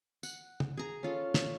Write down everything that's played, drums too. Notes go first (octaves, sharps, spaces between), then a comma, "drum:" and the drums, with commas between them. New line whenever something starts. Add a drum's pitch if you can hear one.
F#5, drum: tambourine
drum: tom
G#4 A#5
C#4 F4 A4
drum: snare